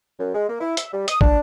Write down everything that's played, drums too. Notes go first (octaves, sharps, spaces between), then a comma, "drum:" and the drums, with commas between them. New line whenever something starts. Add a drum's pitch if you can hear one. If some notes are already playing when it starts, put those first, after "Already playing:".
F#2
G#3
A#3
E4
E5, drum: hi-hat
G3
D#6, drum: hi-hat
D4, drum: kick